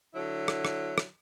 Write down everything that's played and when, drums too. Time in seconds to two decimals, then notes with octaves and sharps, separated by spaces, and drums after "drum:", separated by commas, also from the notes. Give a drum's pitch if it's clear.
0.15 D3 F#3 E4
0.48 drum: rim click
0.65 drum: rim click
0.98 drum: rim click